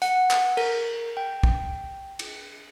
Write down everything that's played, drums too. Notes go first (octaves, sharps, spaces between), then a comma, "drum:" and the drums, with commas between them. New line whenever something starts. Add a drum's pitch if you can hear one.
F#5, drum: hi-hat
drum: clap
A#4, drum: cymbal
G5
drum: kick
drum: cymbal